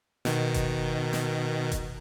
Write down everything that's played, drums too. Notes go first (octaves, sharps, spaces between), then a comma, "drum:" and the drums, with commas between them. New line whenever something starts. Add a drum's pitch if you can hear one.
B2 D#3, drum: snare
drum: kick F1, hi-hat
drum: snare
drum: kick F1, hi-hat